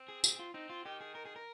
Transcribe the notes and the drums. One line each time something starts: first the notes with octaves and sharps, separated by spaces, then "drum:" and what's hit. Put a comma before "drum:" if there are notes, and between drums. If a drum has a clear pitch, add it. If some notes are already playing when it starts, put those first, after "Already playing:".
Already playing: C4
G#4
G#4, drum: tambourine
F4
C4 D#4
F4
D#3 G4
G#4
A#4
G#4
A#4